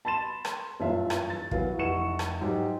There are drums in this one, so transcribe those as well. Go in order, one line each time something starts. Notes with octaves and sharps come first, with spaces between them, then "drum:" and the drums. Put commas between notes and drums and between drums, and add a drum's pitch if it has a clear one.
A5 B5 C6 A6 E7
drum: rim click
F#1 G2 A#2 E3 E5 F5
drum: rim click
A6
E3 F#3 B3 F#4 F5, drum: kick
F1 E4 F#5 C#6 C#7 E7
drum: rim click
G#2 F#3 G4